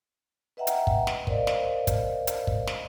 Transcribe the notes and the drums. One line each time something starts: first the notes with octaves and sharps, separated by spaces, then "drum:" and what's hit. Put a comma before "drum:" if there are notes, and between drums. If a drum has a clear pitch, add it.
B4 D#5 E5 F#5 G5 A#5
drum: hi-hat
drum: kick
drum: snare
A#4 C5 D5 D#5 F5, drum: kick
drum: snare
drum: kick, hi-hat
drum: hi-hat
drum: kick
drum: snare